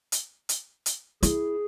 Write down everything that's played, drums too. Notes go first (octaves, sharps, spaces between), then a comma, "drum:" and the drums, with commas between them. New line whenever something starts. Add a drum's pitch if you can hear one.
drum: hi-hat
drum: hi-hat
drum: hi-hat
E4 G#4, drum: hi-hat